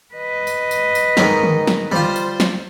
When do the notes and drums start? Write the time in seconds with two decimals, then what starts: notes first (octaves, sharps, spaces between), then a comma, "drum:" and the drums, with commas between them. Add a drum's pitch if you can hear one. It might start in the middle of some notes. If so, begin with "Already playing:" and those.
0.15 B4 D#5
0.47 drum: tambourine
0.71 drum: tambourine
0.95 drum: tambourine
1.17 G#2 D#3 D#4, drum: snare
1.43 drum: tom D3
1.67 drum: snare
1.92 G3 F4 C5, drum: tom D3
2.16 drum: tambourine
2.40 drum: snare